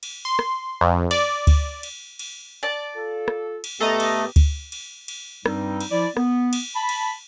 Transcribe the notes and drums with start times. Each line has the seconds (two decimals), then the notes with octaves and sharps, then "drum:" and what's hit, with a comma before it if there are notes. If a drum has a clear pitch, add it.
0.03 drum: cymbal
0.25 C6
0.39 drum: rim click
0.81 F2
1.11 D5, drum: cymbal
1.47 drum: kick D2, cymbal
1.83 drum: cymbal
2.19 drum: cymbal
2.63 D5 A5
2.96 F4 A4
3.28 drum: rim click
3.64 drum: cymbal
3.81 A2 A3 B3 G4 A4 D#5 A#5 A6
4.00 drum: cymbal
4.36 drum: kick D2, cymbal
4.72 drum: cymbal
5.08 drum: cymbal
5.46 G2 G3 C4 D#4, drum: rim click
5.81 drum: cymbal
5.91 F3 E4 D5
6.17 B3, drum: rim click
6.53 drum: cymbal
6.76 A5 B5
6.89 drum: cymbal